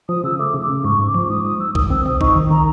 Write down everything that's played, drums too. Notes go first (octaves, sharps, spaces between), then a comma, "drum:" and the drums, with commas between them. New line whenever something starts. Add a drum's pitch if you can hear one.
F3 D#6
C#3 E6
A3 D6
C#3
D6
C#3
G#2 C#6
G#2
D6
F3
G#2 D#6
G#2 D#6
G#2 E6
D#3 D#6, drum: kick A#1
C4 E6
C4 D#6, drum: tom A2
D#4 C#6, drum: kick A#1
D#3
D#3 A#5